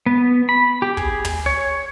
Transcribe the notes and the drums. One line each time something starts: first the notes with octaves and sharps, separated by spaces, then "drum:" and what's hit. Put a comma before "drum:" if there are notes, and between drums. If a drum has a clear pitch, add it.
B3
B5
G4
G#4, drum: kick
drum: tom
C#5